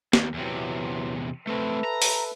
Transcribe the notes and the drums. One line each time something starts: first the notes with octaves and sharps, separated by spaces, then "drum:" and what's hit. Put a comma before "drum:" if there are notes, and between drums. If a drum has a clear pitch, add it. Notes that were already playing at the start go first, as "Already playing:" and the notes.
D#2, drum: snare
E2 C3 E3 F#3
A3 C4 A4 B4 E5
A#5
drum: open hi-hat